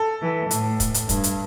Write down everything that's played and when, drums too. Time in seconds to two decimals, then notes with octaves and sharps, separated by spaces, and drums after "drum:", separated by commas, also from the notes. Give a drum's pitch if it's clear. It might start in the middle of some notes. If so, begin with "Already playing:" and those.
Already playing: A4
0.22 E3
0.51 A2, drum: hi-hat
0.80 drum: kick, hi-hat
0.94 drum: hi-hat
1.09 G2, drum: kick, hi-hat
1.24 drum: hi-hat